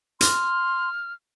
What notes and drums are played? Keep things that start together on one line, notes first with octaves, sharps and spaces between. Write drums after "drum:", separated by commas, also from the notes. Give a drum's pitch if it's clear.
C6 F6, drum: hi-hat